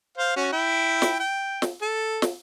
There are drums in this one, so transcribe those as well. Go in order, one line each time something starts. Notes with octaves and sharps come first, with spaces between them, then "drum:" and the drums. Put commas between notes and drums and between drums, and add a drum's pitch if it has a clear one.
C5 F5
C#4 F#4
E4 G5
drum: snare
G5
drum: snare
A4
drum: snare